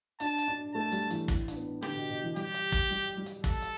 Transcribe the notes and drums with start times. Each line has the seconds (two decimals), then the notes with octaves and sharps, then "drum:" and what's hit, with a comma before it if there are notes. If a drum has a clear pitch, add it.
0.20 D4 A5, drum: hi-hat
0.38 drum: hi-hat
0.48 D4
0.74 A3 A5
0.92 G3, drum: hi-hat
1.10 E3, drum: hi-hat
1.28 A2, drum: kick, hi-hat
1.48 D4, drum: hi-hat
1.55 B3
1.82 D3 G4, drum: rim click
1.96 B2
2.09 B2
2.23 E3
2.36 G3 G4, drum: hi-hat
2.54 drum: hi-hat
2.72 drum: kick, hi-hat
2.90 G3
3.17 G3
3.26 drum: hi-hat
3.44 A4, drum: kick, hi-hat
3.62 drum: hi-hat